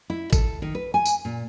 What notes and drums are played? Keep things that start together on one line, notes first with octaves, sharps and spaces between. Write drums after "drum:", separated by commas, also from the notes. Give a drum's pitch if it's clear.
E4
A4, drum: kick G#1, tambourine
D#3
B4
G#5
drum: tambourine
A#2